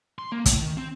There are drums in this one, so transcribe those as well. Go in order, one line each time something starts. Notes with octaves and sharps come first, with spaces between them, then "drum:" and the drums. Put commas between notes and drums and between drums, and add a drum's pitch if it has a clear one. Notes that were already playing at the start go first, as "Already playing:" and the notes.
C6
A#3
A2, drum: kick, hi-hat
D#3
C4